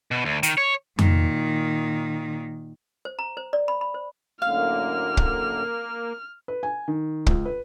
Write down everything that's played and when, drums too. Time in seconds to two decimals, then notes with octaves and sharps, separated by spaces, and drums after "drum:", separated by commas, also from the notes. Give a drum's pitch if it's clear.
0.11 B2
0.25 D2
0.43 D#3, drum: hi-hat
0.58 C#5
0.99 A#2 D#3, drum: tom F2
3.05 C5
3.19 A#5
3.37 C5
3.53 D5
3.68 B5
3.81 B5
3.94 C5
4.42 F#2 A2 D3 A#3 F5 F6
5.17 drum: kick
6.48 B4
6.63 G#5
6.88 D#3
7.26 C#2, drum: kick
7.45 B4